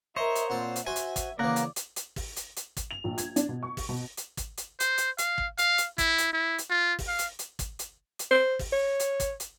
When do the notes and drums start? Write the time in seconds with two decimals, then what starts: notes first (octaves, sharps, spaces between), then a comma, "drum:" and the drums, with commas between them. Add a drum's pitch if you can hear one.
0.16 A#4 C5 C#5 D#5 E5
0.35 drum: hi-hat
0.50 A#2 C4 F#5 A5
0.76 drum: hi-hat
0.86 F#4 C5 E5 G5 G#5
0.96 drum: hi-hat
1.16 drum: kick, hi-hat
1.39 C#3 E3 A#3 A#4 D5 F#5
1.56 drum: hi-hat
1.76 drum: hi-hat
1.96 drum: hi-hat
2.16 drum: kick, open hi-hat
2.36 drum: hi-hat
2.56 drum: hi-hat
2.77 drum: kick, hi-hat
2.91 F7
3.04 A#1
3.18 G#6, drum: hi-hat
3.36 D4, drum: hi-hat
3.49 B2
3.63 C#6
3.77 drum: kick, open hi-hat
3.89 B2
4.17 drum: hi-hat
4.37 drum: kick, hi-hat
4.57 drum: hi-hat
4.80 C5, drum: hi-hat
4.98 drum: hi-hat
5.18 F5, drum: hi-hat
5.38 drum: kick
5.58 F5, drum: hi-hat
5.78 drum: hi-hat
5.98 E4, drum: kick, hi-hat
6.18 drum: hi-hat
6.33 E4
6.58 drum: hi-hat
6.70 F4
6.99 drum: kick, open hi-hat
7.08 F5
7.19 drum: hi-hat
7.39 drum: hi-hat
7.59 drum: kick, hi-hat
7.79 drum: hi-hat
8.19 drum: hi-hat
8.31 C5
8.59 drum: kick, open hi-hat
8.73 C#5
9.00 drum: hi-hat
9.20 drum: kick, hi-hat
9.40 drum: hi-hat